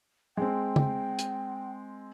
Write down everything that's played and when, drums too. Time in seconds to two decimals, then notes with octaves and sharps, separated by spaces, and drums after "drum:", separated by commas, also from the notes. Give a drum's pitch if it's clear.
0.37 G#3 C4 G5
0.76 drum: tom C#3
1.19 drum: hi-hat